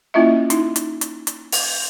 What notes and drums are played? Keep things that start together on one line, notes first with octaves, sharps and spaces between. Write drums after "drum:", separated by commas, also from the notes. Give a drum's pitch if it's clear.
A#3 C#4 E4 F4 D#5 E5
D#4 E4, drum: hi-hat
drum: hi-hat
drum: hi-hat
drum: hi-hat
drum: open hi-hat